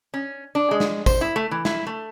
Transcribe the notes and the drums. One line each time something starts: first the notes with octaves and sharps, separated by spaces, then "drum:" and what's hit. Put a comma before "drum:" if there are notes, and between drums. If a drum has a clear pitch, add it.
C#4
D4
G#3
drum: snare
C5, drum: kick, tambourine
E4
A3
E3
E4, drum: snare
A3